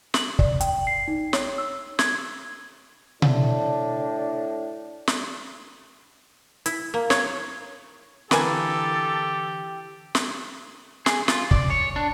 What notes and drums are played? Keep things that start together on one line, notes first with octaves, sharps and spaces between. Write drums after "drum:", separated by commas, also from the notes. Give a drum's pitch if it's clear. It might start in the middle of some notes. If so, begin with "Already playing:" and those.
F#7, drum: snare
D5, drum: kick
G5, drum: hi-hat
C7
D#4
C#5, drum: snare
E6
G#6, drum: snare
A2 D4, drum: tom B2
drum: snare
E4, drum: hi-hat
A#3
C#5, drum: snare
D3 E3 A#3 G4 A4 B4 G#5, drum: snare
drum: snare
G#4, drum: snare
F4, drum: snare
D5, drum: kick
C#5
D4